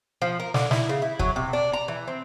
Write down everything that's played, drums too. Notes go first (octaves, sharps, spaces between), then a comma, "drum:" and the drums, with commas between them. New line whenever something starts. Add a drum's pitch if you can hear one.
F3
A#4
D3, drum: snare
E4, drum: snare
C#3
E4
F#3, drum: kick
C3
D4
A#5
E3
C4